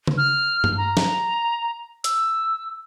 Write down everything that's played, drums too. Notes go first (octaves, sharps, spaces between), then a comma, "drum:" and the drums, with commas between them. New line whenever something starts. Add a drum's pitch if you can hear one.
drum: tom C#3
F6
drum: tom G2
A#5
drum: snare
E6, drum: hi-hat